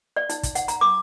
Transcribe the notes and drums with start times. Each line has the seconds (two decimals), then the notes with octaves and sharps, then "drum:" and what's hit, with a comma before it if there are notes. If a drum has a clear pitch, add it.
0.16 D5
0.29 D#4, drum: hi-hat
0.43 drum: kick, hi-hat
0.55 F#5, drum: hi-hat
0.68 A#5, drum: hi-hat
0.81 D6